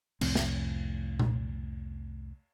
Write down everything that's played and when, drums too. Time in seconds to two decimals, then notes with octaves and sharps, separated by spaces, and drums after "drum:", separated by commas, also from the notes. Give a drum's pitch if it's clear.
0.21 C2 F2 A2 C4, drum: cymbal
0.35 drum: snare
1.20 drum: tom A#2